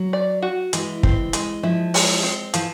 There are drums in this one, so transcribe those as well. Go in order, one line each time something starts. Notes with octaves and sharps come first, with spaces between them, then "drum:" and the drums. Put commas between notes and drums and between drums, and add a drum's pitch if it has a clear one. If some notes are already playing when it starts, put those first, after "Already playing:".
Already playing: F#3
D5
F#4
E3 G#3, drum: hi-hat
C4, drum: kick
G#3, drum: hi-hat
F3 E4
G#3, drum: open hi-hat
C4
E3 F3, drum: hi-hat